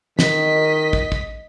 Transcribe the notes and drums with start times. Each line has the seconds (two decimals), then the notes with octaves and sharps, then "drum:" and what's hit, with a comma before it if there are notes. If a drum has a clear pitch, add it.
0.19 D#3 D#5 B6, drum: snare
0.93 drum: kick
1.12 drum: kick